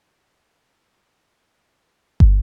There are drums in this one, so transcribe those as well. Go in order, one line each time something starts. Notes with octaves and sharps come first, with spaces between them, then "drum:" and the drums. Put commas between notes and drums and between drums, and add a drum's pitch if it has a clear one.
D#3 E4
drum: kick